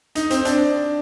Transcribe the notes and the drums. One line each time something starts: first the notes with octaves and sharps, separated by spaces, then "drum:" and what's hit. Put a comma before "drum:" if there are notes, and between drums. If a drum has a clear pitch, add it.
D#4, drum: hi-hat
C4, drum: hi-hat
D4, drum: hi-hat